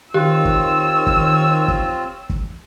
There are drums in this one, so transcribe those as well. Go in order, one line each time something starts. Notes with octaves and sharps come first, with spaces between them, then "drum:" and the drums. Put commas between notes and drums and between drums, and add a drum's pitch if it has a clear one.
D#3 C4 F4 G4 C#5 E6
drum: kick
drum: kick
drum: kick
drum: kick